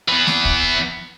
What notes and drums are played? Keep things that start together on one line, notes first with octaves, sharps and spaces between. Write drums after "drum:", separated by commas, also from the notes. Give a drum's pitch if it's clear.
E3 B3
drum: snare
drum: kick